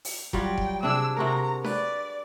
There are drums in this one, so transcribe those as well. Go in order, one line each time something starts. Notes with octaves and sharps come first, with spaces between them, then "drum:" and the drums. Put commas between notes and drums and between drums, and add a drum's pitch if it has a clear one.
drum: open hi-hat
F#3 G3 F4 G5, drum: kick F1
drum: kick F1
C3 D4 G#4 E6
C3 F#4 A#4 A#5
B4 D5, drum: snare D4